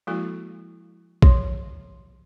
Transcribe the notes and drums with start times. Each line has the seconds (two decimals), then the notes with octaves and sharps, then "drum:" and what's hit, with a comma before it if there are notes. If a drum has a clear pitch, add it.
0.07 F3 G#3 A#3 E4 F#4 A4
1.22 F3 C#5 C6, drum: kick A#1